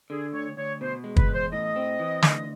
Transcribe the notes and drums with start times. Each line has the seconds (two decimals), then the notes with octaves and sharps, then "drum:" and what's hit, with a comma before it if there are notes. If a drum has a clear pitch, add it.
0.10 D3 G#4
0.33 D2 C#5
0.57 D2 C#5
0.81 B2 C5
1.04 G#3
1.16 B4, drum: kick
1.28 E2
1.33 C5
1.52 A2 D#5
1.76 C4
1.99 E3
2.22 D2, drum: snare